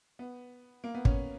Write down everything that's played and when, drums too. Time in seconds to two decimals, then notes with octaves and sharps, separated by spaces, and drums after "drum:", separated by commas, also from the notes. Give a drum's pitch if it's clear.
0.19 B3
0.84 A#3
0.95 B3
1.05 C#4, drum: kick